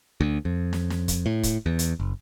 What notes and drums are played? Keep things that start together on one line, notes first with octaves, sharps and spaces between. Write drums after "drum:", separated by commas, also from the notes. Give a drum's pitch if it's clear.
D2
F2
drum: snare
drum: snare
drum: kick, hi-hat
A2
drum: kick, hi-hat
E2
drum: hi-hat
F#1